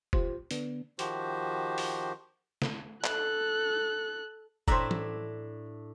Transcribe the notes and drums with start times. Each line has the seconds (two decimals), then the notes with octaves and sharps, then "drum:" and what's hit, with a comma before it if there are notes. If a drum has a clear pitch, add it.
0.13 F4 G4 C5, drum: kick
0.51 D3 B3 D4, drum: hi-hat
0.99 D#3 F3 F#4 G4 C5, drum: hi-hat
1.78 drum: open hi-hat
2.62 drum: snare
3.04 A4 F#6, drum: clap
4.68 A2 C4 D4 E5 A#5, drum: kick
4.91 drum: tom E3